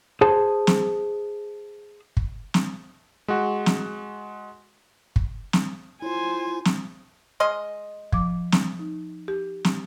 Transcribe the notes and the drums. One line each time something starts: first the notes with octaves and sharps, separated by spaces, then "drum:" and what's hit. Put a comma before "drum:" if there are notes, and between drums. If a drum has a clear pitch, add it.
G#4 C5 A5
drum: snare
drum: kick
drum: snare
G#3 F#4
drum: snare
drum: kick
drum: snare
E4 F4 C5 G#5
drum: snare
G#3 D#5 C6 F6
F3 D6, drum: kick
drum: snare
D#4
G4
drum: snare